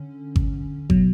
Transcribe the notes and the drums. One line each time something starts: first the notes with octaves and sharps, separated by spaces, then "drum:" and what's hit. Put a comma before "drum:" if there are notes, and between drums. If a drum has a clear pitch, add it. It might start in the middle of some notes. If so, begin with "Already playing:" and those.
Already playing: D3 C#4
drum: kick G#1
B2 F#3, drum: kick G#1